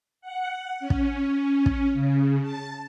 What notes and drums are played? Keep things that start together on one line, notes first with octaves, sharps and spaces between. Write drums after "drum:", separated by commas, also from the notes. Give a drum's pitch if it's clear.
F#5
C#4
drum: kick
drum: kick
C#3
A5